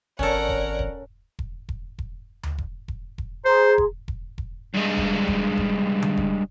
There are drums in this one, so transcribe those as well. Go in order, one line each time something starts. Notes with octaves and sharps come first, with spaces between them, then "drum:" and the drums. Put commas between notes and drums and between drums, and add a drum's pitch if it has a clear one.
G#1 C#4 A4 A#4 C#5 D5 F#5, drum: kick E1
drum: kick E1
drum: kick E1
drum: kick E1
drum: kick E1
drum: kick E1
drum: tom D2
drum: kick E1
drum: kick E1
drum: kick E1
G#4 C5 A#5 C6
drum: kick E1
drum: kick E1
drum: kick E1
G2 G#3
drum: kick E1
drum: kick E1
drum: kick E1
drum: tom D3
drum: kick E1